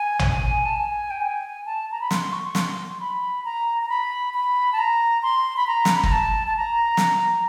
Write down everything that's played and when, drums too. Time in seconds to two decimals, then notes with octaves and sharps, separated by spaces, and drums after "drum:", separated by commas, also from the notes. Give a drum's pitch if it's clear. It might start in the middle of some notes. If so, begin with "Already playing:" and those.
Already playing: G#5
0.19 drum: tom A1
0.32 G#5
0.65 A5
0.76 G#5
1.10 G5
1.21 G#5
1.66 A5
1.91 A#5
2.01 B5
2.11 C6, drum: snare
2.32 C#6
2.55 C6, drum: snare
3.00 B5
3.45 A#5
3.81 A#5
3.89 B5
4.34 B5
4.73 A5
4.78 A#5
5.23 C6
5.57 B5
5.67 A#5
5.85 drum: snare
5.95 B5
6.03 A#5, drum: kick
6.12 A5
6.47 A5
6.57 A#5
6.97 drum: snare